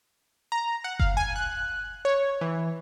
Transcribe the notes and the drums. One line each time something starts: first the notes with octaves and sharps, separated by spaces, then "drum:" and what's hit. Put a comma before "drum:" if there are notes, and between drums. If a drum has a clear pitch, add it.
A#5
F#5
F5, drum: kick F#1
G#5
F#6
C#5
E3